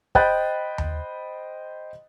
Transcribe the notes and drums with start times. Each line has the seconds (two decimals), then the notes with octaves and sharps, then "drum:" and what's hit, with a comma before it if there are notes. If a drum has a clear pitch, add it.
0.15 C5 D#5 G5 B5 F#6 A6, drum: kick
0.78 drum: tom D#2